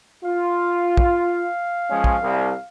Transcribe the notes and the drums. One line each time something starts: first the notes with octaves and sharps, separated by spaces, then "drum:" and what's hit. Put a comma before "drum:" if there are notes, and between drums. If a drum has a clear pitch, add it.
F4 F5
drum: kick
F3 G#3 C#4
drum: kick
C2